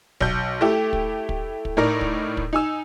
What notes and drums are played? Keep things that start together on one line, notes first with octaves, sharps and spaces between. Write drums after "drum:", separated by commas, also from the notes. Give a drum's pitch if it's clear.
B1 G6, drum: kick
A3 E4 G4
drum: kick
drum: kick
drum: kick
A2 D#4 A#4 D5 A#6
drum: kick
drum: kick
D#4 G#5 E6